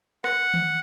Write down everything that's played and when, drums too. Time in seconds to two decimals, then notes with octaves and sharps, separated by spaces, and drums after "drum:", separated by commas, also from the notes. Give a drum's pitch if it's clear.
0.24 F#5, drum: rim click
0.54 drum: tom D#3